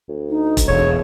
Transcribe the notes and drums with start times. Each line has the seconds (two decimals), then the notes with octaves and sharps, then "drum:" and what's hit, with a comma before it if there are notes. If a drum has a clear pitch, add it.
0.09 D2
0.29 D#4
0.57 drum: kick E1, hi-hat
0.68 E1 G#4 C#5